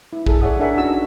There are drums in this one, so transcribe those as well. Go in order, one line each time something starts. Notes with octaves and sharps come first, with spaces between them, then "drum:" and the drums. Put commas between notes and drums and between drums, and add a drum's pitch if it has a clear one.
E4
G#4 A4, drum: kick A#1
G#4 C#5 D5 E5 F#5 D#6
D4 A4 A#4 E5 F#5 G#5
C#4 D#4 F#4 D#5 E5 E6